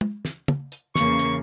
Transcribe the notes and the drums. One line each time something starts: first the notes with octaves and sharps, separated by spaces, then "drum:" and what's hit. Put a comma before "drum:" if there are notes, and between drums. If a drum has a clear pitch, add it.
drum: tom
drum: snare
drum: tom
drum: hi-hat
E2 C#3 A#3 C#6, drum: snare
drum: hi-hat